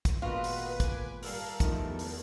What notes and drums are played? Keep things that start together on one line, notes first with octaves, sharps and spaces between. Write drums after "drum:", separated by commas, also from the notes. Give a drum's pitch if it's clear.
drum: kick, hi-hat
G#1 A#2 B3 F4 F#4 B4 D#5 D#6
drum: open hi-hat
G#5 D6, drum: kick, hi-hat
G3 A4 A#4 F5, drum: open hi-hat
E2 D#3 F3 A3, drum: kick, hi-hat
drum: open hi-hat